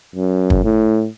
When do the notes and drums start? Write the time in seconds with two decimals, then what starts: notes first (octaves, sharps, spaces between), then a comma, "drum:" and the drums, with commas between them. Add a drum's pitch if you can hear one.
0.15 F#2
0.50 drum: kick
0.64 A2